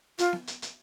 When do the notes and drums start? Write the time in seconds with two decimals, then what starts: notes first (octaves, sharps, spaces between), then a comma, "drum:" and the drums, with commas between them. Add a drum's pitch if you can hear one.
0.19 F4, drum: hi-hat
0.33 drum: snare B3
0.47 drum: hi-hat
0.62 drum: hi-hat